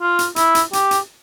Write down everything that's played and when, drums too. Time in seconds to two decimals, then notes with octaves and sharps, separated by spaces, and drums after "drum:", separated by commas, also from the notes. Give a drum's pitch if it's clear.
0.01 F4
0.19 drum: hi-hat
0.36 E4, drum: hi-hat
0.55 drum: hi-hat
0.73 G4, drum: hi-hat
0.91 drum: hi-hat